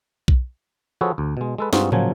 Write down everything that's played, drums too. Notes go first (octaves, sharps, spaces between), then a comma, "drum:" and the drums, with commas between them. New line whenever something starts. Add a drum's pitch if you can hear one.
drum: kick B1
F3 F#4 G#4 A4 B4 C#5
D2
B2 G#3
G#3 A4 B4
G2 G#3 C4 D#4 F4 F#4, drum: snare
A#2 C#3 F3 F#3 G#5, drum: tom